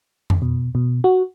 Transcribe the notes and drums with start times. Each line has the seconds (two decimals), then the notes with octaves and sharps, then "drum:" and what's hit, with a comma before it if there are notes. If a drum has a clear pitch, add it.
0.30 drum: tom F2
0.42 B2
0.75 B2
1.04 F#4